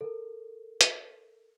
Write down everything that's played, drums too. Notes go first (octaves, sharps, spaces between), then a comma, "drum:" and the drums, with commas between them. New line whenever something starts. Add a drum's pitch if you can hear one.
A4 A#4
drum: hi-hat